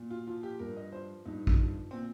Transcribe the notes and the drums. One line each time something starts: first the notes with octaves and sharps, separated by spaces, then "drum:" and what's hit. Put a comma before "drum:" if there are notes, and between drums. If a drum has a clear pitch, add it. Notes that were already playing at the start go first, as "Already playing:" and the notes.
Already playing: A#2
F4
F3 F4
G4
G2 A#4
D#5
F3 C5
G2 D#4
drum: kick A#1
F3
A#2 C4